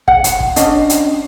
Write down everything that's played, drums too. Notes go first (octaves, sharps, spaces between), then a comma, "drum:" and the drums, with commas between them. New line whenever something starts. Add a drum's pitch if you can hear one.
F#5, drum: kick
drum: hi-hat
drum: kick
C#4 D4 D#5, drum: hi-hat
drum: hi-hat